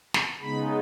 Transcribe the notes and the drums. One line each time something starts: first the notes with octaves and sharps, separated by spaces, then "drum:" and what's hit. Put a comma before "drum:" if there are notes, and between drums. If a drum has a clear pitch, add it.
drum: snare
C#3 G#3 B3 D#4 B5